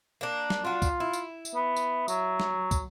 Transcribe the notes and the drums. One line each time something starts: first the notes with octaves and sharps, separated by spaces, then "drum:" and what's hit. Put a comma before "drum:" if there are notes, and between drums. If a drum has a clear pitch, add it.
A#3 D4
drum: snare
D4 F4 F#4
drum: kick, tambourine
E4
drum: tambourine
drum: tambourine
B3
drum: tambourine
F#3, drum: tambourine
drum: snare
drum: kick, tambourine